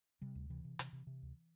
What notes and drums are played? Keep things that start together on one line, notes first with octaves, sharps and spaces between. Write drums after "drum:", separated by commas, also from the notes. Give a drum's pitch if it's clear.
C3 G3
D2
C3 E3
C3
C3, drum: hi-hat
C3
C3
D2